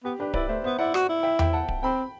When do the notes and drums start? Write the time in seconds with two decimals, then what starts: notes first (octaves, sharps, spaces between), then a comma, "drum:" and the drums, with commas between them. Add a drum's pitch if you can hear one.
0.04 B3 G4
0.19 D4 G4 B4
0.34 E4 B4 D5, drum: kick D1
0.48 A3 C5 E5
0.64 B3 C5 E5
0.79 E4 D5 F#5
0.94 F#4, drum: rim click
1.09 E4
1.23 E5 G5
1.39 E5 G5, drum: tom E2
1.53 F#5 A5
1.68 drum: kick D1
1.83 C4 G5 B5